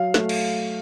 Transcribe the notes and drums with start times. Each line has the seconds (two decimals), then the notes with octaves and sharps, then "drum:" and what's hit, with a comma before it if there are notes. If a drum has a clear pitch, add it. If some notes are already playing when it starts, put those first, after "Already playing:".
Already playing: F#3 F5
0.14 A3, drum: snare
0.29 drum: cymbal